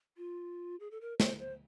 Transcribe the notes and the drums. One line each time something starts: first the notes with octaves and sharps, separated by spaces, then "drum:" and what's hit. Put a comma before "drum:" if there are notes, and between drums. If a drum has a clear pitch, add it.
F4
G#4
A4
A#4
C5, drum: snare
C5